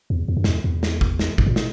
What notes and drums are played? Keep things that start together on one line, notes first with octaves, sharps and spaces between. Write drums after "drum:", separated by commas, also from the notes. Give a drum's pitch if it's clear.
E2
E2
F#2
E2, drum: snare
E2
drum: snare
drum: kick
drum: snare
F#2, drum: kick
A#2
drum: snare